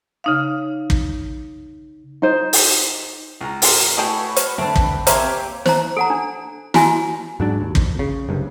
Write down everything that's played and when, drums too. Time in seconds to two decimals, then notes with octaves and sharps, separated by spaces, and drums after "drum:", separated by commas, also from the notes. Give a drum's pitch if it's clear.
0.24 C#3 D#4 F5
0.90 drum: kick
2.22 D#4 C5
2.53 drum: open hi-hat
3.41 C#2 A#5
3.62 G#1 A#4 C6, drum: open hi-hat
3.97 A2 F#4 G#4 A4 B4 C#5 G5
4.36 drum: hi-hat
4.58 D3 A3 C4 B4 A5
4.76 drum: kick
5.07 A#3 G4 C#5 E5 G#5 C6, drum: hi-hat
5.66 C5 A#5, drum: snare
5.97 A4 F#5 A#5
6.10 D4
6.74 E4 F#4 G#5, drum: snare
7.40 G#2 F#3 D4
7.61 D#2
7.75 F2, drum: kick
7.99 C#3
8.29 F#1 C2 G2